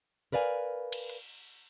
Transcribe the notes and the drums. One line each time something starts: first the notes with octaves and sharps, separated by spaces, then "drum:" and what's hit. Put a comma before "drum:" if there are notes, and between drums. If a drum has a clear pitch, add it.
A#4 B4 D5 F5 G#5
drum: cymbal
drum: hi-hat